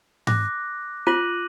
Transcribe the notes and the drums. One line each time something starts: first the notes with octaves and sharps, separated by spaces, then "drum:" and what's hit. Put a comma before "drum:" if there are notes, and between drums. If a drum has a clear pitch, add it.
D6 F#6 A#6, drum: tom G#2
F4 D6 F#6 A#6 D#7 F#7